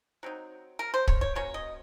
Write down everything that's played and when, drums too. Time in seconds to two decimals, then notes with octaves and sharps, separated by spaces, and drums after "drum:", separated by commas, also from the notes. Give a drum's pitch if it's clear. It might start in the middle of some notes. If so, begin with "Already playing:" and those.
0.23 F#3 C4 D#4
0.79 A#4
0.94 C5
1.08 C#5, drum: kick
1.21 C#5
1.35 F#3 A#3 C#4 C#5
1.54 D#5